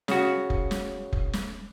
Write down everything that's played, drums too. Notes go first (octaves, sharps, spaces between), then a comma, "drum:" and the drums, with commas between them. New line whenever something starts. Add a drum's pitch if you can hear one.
C#3 F#4, drum: snare
drum: kick F1
drum: snare
drum: kick F1
drum: snare